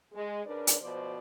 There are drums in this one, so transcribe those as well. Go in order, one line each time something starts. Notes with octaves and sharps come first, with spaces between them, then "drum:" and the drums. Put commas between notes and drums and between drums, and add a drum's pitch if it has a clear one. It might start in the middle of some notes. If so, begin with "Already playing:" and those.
G#3
C#3 D4 A#4 B4 D5
drum: hi-hat
D2 B2 F3 F#4 C5 D5